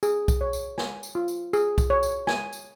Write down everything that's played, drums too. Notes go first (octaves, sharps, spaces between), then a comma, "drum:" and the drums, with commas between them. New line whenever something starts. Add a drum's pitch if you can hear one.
G#4, drum: tambourine
drum: kick B1, tambourine
C#5
drum: tambourine
G#5, drum: snare
drum: tambourine
F4
drum: tambourine
G#4, drum: tambourine
drum: kick B1, tambourine
C#5
drum: tambourine
G#5, drum: snare
drum: tambourine